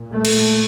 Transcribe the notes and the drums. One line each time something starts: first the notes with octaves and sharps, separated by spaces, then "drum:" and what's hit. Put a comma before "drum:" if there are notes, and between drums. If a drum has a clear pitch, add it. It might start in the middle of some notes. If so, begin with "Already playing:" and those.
Already playing: A#2
A3
drum: cymbal